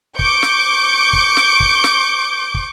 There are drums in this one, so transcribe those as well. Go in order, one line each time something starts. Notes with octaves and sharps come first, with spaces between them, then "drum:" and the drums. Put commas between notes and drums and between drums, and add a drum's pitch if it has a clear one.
C#6 D6 G6 D7, drum: kick
drum: snare
drum: kick
drum: snare
drum: kick
drum: snare
drum: kick